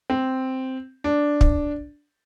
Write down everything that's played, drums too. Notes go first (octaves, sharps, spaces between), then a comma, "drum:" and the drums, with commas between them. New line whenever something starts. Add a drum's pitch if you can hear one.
C4
D4
drum: kick